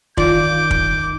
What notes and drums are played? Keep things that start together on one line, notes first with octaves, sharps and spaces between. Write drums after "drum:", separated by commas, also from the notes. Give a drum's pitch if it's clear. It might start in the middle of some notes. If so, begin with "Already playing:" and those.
D#3 F4 D5 D6 G6, drum: kick
drum: kick